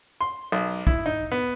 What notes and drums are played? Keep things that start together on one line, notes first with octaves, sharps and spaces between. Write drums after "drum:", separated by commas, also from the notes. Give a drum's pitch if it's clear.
C6
B1
E4, drum: kick
D#4
B3